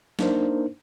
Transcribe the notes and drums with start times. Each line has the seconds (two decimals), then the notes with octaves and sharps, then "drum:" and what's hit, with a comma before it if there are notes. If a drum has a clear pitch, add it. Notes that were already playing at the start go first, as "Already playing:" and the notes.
0.19 A#3 D4 D#4 A#4 C5, drum: snare